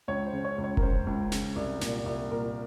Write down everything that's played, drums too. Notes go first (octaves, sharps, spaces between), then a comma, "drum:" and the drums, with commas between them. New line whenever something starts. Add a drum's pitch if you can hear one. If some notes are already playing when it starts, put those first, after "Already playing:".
C#2 C#5
C5
C#3
C#5
C#2
C#5
A#4, drum: kick F1
C#3 C5
C#2
C#3, drum: snare
C2
A#2, drum: snare
C2
A#2 A#4